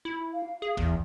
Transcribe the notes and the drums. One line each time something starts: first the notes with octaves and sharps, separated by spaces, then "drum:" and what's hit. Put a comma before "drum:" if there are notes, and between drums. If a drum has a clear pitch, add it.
E4
F5
G#4
E2 E3, drum: kick